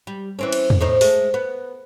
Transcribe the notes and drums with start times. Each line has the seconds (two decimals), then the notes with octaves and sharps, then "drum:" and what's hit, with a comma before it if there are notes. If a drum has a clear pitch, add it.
0.07 G3
0.39 E3 C4 C#4
0.52 drum: cymbal
0.70 drum: tom E2
0.81 A2 C4 D#4
1.01 G#3 A3, drum: open hi-hat
1.34 B3